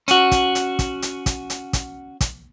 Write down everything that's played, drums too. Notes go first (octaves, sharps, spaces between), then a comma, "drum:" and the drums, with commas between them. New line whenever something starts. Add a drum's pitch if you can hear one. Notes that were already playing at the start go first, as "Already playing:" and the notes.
C#4 F#4, drum: hi-hat
drum: kick, hi-hat
drum: hi-hat
drum: kick, hi-hat
drum: hi-hat
drum: kick, hi-hat
drum: hi-hat
drum: kick, hi-hat
drum: kick, hi-hat